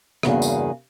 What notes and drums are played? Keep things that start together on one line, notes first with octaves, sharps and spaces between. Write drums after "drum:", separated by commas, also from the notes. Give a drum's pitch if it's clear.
E2 G2 C#3 A#3 F#4 G#4, drum: rim click
drum: tambourine